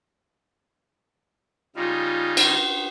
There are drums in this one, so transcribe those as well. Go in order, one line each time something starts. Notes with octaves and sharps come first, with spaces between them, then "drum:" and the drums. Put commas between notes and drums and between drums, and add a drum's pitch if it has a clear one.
C#3 G3 D#4 F4
drum: cymbal